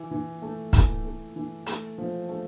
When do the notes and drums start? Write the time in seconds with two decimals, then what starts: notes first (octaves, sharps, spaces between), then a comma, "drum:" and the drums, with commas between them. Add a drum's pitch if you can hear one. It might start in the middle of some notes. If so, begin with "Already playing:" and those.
Already playing: E3
0.11 E3
0.42 A3
0.73 E3, drum: kick, hi-hat
1.05 A3
1.36 E3
1.66 A3, drum: hi-hat
1.98 F3
2.29 A3